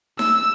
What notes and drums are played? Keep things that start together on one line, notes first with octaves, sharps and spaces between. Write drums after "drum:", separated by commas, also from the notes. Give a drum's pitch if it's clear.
E6, drum: snare D#4